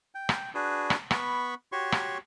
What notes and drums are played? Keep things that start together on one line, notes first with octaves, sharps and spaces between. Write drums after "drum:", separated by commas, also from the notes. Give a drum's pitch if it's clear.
G5
drum: rim click
D4 F#4 G#4 B4
drum: rim click
B3 B5 C#6, drum: rim click
F#4 G4 C#5 C6 C#6
drum: rim click